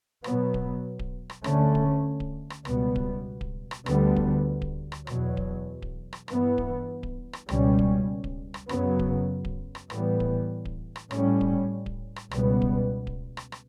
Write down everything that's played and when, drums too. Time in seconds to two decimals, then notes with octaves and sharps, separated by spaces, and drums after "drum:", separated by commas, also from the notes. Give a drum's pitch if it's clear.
0.24 B2 F#3 B3, drum: rim click
0.54 drum: kick D1
0.99 drum: kick D1
1.30 drum: rim click
1.44 D2 D3 A3 C#4, drum: rim click
1.75 drum: kick D1
2.20 drum: kick D1
2.50 drum: rim click
2.65 C#2 B2 G3 B3, drum: rim click
2.96 drum: kick D1
3.41 drum: kick D1
3.71 drum: rim click
3.86 D2 D3 G3 B3, drum: rim click
4.16 drum: kick D1
4.62 drum: kick D1
4.92 drum: rim click
5.07 E2 B2 F#3, drum: rim click
5.37 drum: kick D1
5.82 drum: kick D1
6.13 drum: rim click
6.28 G2 E3 B3, drum: rim click
6.58 drum: kick D1
7.03 drum: kick D1
7.33 drum: rim click
7.49 C#2 B2 G3 C#4, drum: rim click
7.79 drum: kick D1
8.24 drum: kick D1
8.54 drum: rim click
8.69 F#2 C#3 F#3 B3, drum: rim click
8.99 drum: kick D1
9.45 drum: kick D1
9.75 drum: rim click
9.90 A2 E3 G3 B3, drum: rim click
10.20 drum: kick D1
10.65 drum: kick D1
10.96 drum: rim click
11.11 A2 G3 C#4, drum: rim click
11.41 drum: kick D1
11.86 drum: kick D1
12.16 drum: rim click
12.31 C#2 B2 G3 B3, drum: rim click
12.62 drum: kick D1
13.07 drum: kick D1
13.37 drum: rim click
13.52 drum: rim click